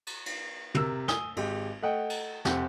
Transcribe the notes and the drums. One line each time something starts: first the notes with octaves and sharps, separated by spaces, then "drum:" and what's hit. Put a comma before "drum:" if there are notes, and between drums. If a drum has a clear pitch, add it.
drum: cymbal
drum: cymbal
C3 A#4 E6, drum: tom
G#5 D#6 G7, drum: snare
G#1 G#3 G4, drum: cymbal
A3 D#5 F#5 G5
drum: cymbal
F1 C4 G4 F#5, drum: snare